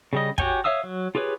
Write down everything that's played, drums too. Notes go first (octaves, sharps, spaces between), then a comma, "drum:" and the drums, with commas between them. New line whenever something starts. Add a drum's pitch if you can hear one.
C#3 G3 D#5
F#4 G4 C#5 G5 G#5, drum: kick
C#5 E5 F5 D#6 E6
F#3
F4 G4 G#4 B4 C#5